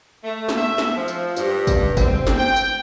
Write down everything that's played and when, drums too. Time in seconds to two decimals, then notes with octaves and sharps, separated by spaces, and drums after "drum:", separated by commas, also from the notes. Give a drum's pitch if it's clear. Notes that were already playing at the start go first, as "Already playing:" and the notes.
0.24 A3
0.49 drum: snare
0.58 E5
0.78 drum: snare
0.97 F3
1.08 drum: tambourine
1.36 G2, drum: tambourine
1.67 drum: kick, tambourine
1.97 C4, drum: kick, tambourine
2.27 drum: snare
2.38 G5
2.56 drum: tambourine